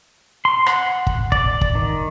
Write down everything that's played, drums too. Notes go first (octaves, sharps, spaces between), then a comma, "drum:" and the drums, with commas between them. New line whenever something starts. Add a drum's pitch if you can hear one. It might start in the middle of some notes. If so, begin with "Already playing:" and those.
C6
F#5, drum: rim click
drum: kick
D5, drum: kick
drum: kick
D#3